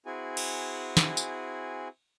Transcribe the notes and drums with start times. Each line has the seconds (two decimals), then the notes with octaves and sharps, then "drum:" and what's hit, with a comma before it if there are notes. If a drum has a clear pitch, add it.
0.06 C4 E4 F#4 G#4 G#5
0.37 drum: cymbal
0.97 drum: snare
1.17 drum: tambourine